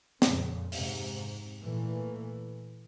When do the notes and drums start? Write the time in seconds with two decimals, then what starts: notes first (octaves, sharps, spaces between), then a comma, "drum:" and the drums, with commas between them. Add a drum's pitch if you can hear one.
0.22 F2 A#2 C#3, drum: snare
0.72 G#2 C3, drum: open hi-hat
1.61 A#2 E3 A3